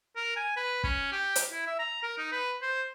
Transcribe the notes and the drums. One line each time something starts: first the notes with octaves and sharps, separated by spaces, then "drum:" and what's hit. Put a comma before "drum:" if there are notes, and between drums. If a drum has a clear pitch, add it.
A#4
G#5
B4
C#4, drum: kick
G4
drum: hi-hat
E4
E5
A#5
A#4
D#4
B4
C5